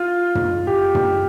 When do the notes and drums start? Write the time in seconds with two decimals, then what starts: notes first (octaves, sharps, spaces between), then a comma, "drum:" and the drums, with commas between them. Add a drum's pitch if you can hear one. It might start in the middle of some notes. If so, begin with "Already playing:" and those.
Already playing: F4
0.35 drum: tom
0.67 G4
0.95 drum: tom